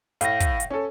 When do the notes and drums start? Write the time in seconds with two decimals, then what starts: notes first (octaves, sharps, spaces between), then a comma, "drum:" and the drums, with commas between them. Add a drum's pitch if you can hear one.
0.21 A2 F5 A#6, drum: hi-hat
0.40 drum: kick, hi-hat
0.60 drum: hi-hat
0.70 C#4 A4